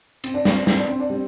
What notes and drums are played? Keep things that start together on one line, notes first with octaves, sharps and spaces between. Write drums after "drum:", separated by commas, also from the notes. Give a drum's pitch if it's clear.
C4, drum: cymbal
D4
C4, drum: snare
D4
C4, drum: snare
D4
C4
D4
G3 C4